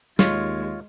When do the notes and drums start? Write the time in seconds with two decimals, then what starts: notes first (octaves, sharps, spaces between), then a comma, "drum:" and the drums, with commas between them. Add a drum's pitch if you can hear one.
0.19 D#2 G#3 F4 C#5, drum: snare